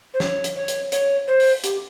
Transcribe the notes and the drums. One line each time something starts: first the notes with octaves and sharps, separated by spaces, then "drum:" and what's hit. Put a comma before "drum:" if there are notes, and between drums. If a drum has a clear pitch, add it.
C5
C#5, drum: snare
drum: hi-hat
C#5
drum: hi-hat
C#5, drum: hi-hat
C5
drum: open hi-hat
G4, drum: hi-hat